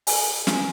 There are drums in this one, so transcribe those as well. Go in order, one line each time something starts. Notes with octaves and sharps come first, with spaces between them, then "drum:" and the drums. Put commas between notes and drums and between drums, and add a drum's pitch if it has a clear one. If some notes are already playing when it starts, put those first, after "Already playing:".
G#5, drum: open hi-hat
drum: snare